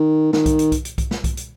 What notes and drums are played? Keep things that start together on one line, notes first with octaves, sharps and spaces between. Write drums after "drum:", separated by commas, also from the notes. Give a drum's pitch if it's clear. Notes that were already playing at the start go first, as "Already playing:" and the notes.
Already playing: D#3
D#3, drum: snare
drum: kick B1, hi-hat
drum: hi-hat
drum: kick B1, hi-hat
drum: hi-hat
drum: kick B1, hi-hat
drum: snare
drum: kick B1, hi-hat
drum: hi-hat